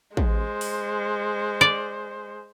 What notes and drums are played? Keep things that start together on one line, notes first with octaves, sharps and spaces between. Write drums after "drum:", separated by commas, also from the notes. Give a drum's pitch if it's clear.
G#3 C5, drum: kick
drum: open hi-hat
D5